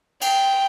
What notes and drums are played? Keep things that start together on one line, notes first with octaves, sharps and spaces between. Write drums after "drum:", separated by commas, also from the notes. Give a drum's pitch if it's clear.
G5, drum: cymbal